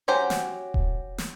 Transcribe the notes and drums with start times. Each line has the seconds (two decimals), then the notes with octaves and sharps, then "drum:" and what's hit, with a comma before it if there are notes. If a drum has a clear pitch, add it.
0.08 F#3 C#4 F#4 G4 C5
0.30 drum: snare
0.74 drum: kick D#1
1.18 drum: snare